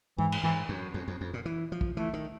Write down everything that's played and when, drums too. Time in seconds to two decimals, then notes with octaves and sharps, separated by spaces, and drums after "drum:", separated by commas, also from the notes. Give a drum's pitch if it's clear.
0.18 G#2 E3
0.32 drum: cymbal
0.43 G#2 E3
0.69 F#2
0.94 F2
1.08 F2
1.21 F2
1.34 A#2
1.45 E3
1.72 F3
1.81 drum: kick
1.96 E3 A3
2.14 D#3